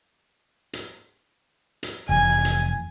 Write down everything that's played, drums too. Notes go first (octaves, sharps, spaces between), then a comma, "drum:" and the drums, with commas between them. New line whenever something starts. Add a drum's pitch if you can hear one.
drum: hi-hat
drum: hi-hat
F1 E3 G#5
drum: hi-hat